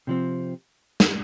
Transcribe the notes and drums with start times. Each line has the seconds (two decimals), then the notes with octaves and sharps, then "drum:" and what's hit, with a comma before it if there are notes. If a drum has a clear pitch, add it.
0.07 C3 F3 C4
1.00 drum: snare